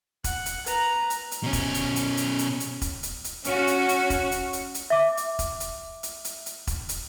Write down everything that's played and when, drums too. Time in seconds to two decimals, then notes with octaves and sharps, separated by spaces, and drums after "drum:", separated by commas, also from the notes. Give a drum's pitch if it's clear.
0.24 F#5, drum: kick E1, hi-hat
0.46 drum: hi-hat
0.66 B4 A#5, drum: hi-hat
1.10 drum: hi-hat
1.31 drum: hi-hat
1.44 B2 C#4
1.53 drum: kick E1, hi-hat
1.74 drum: hi-hat
1.96 drum: hi-hat
2.17 drum: hi-hat
2.39 drum: hi-hat
2.60 drum: hi-hat
2.82 drum: kick E1, hi-hat
3.03 drum: hi-hat
3.24 drum: hi-hat
3.44 C#4 F#4, drum: hi-hat
3.67 drum: hi-hat
3.89 drum: hi-hat
4.10 drum: kick E1, hi-hat
4.32 drum: hi-hat
4.53 drum: hi-hat
4.74 drum: hi-hat
4.90 E5 D6
5.17 drum: hi-hat
5.39 drum: kick E1, hi-hat
5.60 drum: hi-hat
6.03 drum: hi-hat
6.25 drum: hi-hat
6.46 drum: hi-hat
6.67 drum: kick E1, hi-hat
6.89 drum: hi-hat